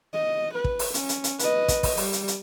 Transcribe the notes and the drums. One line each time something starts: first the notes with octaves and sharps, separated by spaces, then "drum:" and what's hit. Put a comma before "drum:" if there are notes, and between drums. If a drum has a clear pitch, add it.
D#5
B4
drum: kick
drum: open hi-hat
C#4, drum: hi-hat
drum: hi-hat
drum: hi-hat
B4 D#5, drum: hi-hat
drum: kick, hi-hat
drum: kick, open hi-hat
G3, drum: open hi-hat
drum: hi-hat
drum: hi-hat